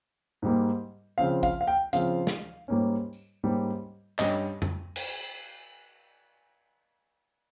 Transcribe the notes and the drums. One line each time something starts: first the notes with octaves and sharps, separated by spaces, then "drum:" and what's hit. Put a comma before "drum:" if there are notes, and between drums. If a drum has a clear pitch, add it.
G#2 G3 A#3
C#3 F3 C4 F5
F5, drum: kick A1
F5
G5
C#3 F3 C4 F5, drum: hi-hat
drum: snare
G#2 G3 A#3 C#4
drum: tambourine
G#2 G3 A#3 C#4
G2 G3 C#4 D#5, drum: clap
drum: tom F2
drum: cymbal